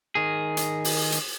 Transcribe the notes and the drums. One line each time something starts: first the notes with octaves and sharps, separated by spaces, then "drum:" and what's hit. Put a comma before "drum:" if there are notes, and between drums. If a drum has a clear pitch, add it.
D#3 G#4
drum: hi-hat
drum: open hi-hat
drum: hi-hat